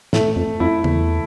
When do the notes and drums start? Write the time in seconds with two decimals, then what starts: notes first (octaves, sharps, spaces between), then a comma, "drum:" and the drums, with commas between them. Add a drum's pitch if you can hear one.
0.13 A2 A3, drum: snare
0.36 F2
0.60 F2 E4
0.84 E2, drum: tom